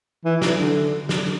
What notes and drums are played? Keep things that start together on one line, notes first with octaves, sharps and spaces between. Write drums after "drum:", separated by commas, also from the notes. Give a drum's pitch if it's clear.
E3
drum: snare
D3
drum: snare